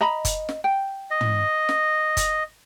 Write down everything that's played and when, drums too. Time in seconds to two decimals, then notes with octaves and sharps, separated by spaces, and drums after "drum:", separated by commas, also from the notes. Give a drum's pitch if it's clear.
0.01 D#5 A#5 B5
0.25 drum: kick, hi-hat
0.49 drum: snare
0.64 G5
1.11 D#5
1.21 drum: tom
1.69 drum: snare
2.17 drum: kick, hi-hat